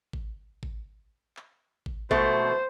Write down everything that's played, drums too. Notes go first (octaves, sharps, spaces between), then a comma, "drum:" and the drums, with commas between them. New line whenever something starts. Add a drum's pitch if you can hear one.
drum: kick G#1
drum: kick G#1
drum: clap
drum: kick G#1
B2 A3 C5, drum: kick G#1